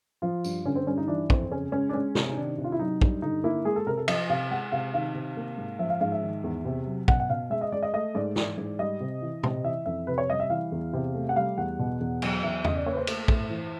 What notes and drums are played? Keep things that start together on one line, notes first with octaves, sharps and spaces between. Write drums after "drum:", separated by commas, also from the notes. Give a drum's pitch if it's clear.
F3 F4
G2, drum: tambourine
D3 C#4
C4
G2 C#4
D#4
E3 D4
F2 C4, drum: kick
C#3 C#4
G#3 C#4
D4
G#3 C#4
C3, drum: snare
D#4
D#3 D4
C3
F4
E4
F#3 D#4
G2, drum: kick
D3 D#4
A#3 E4
G#3 G#4
A4
C3 A#4
A4
F3 D#5, drum: cymbal
C3 F5
G#3 F#5
C3 F5
D#3 F5
C3
A#3
G#2
F3 E5
F5
G#2 F5
E5
D#3
E2
C3
F#3
B2 F#5, drum: kick
F#5
B2 F5
G#3 E5
D#5
G#3 D5
D#5
A3 D#5
G#2 D5
E3 D5, drum: snare
G#2
G3 D#5
C3
E3
C3, drum: tom A#2
E3 E5
F2 E5
C3 B4
C#5
G3 D#5
E5
E3 F5
E2
C3
A3
F#5
G3 F5
E2 F#5
B2
E2
F#3, drum: cymbal
E2 E5
C#3 D#5, drum: tom E2
D5
A#3 C#5
B4
C5
A3, drum: cymbal
A2, drum: kick
E3